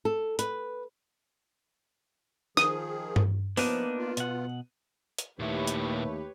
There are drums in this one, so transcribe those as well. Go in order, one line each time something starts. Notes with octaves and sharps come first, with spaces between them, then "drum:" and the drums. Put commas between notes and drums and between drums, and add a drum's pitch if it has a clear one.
A4
B4, drum: hi-hat
D#3 F3 G#4 D#6, drum: snare
drum: tom G2
F3 A#3 B3 D4 D#4 D#7, drum: open hi-hat
F4
B2 F#5, drum: hi-hat
drum: hi-hat
D#2 A#2 A3 E4 G4 B4 C#5
drum: hi-hat